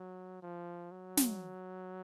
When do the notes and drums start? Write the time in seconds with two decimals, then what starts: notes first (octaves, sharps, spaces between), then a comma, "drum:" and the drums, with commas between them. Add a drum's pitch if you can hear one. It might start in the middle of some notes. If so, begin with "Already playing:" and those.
Already playing: F#3
0.43 F3
0.91 F#3
1.17 drum: snare